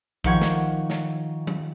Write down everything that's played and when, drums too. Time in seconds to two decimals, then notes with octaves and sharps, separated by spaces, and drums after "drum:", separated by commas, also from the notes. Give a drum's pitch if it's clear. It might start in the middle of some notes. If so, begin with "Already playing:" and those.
0.24 D#3 F3 G4 F#5 C#6 G#6, drum: kick
0.41 drum: snare
0.90 drum: snare
1.47 drum: tom F3